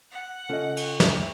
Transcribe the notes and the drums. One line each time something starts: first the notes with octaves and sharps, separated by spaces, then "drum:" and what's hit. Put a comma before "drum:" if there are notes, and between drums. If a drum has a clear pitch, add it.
F#5
C#3 C#4 F4 A4 D#5
drum: cymbal
C#5 E5, drum: snare